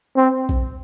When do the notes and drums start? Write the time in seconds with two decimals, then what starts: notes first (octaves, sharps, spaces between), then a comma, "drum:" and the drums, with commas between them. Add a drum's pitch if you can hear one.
0.16 C4
0.49 drum: kick A#1